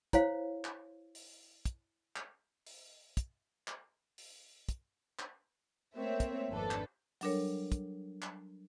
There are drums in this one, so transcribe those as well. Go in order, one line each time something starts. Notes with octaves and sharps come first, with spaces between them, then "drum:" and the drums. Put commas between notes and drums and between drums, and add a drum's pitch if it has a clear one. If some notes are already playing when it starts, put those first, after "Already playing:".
E4 C5 C#5 F5, drum: kick, hi-hat
drum: clap
drum: open hi-hat
drum: kick, hi-hat
drum: clap
drum: open hi-hat
drum: kick, hi-hat
drum: clap
drum: open hi-hat
drum: kick, hi-hat
drum: clap
A3 A#3 C4 C#5 E5
drum: kick, hi-hat
G#1 F2 D4 A4 B4
drum: clap
F#3 G3 D4 A4 A#4 C#5, drum: open hi-hat
drum: kick, hi-hat
drum: clap